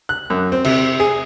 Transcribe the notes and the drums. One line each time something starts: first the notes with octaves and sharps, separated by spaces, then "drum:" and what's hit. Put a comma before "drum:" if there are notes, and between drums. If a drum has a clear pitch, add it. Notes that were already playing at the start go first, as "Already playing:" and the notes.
F#6
F#2
C4
C3, drum: cymbal
G#4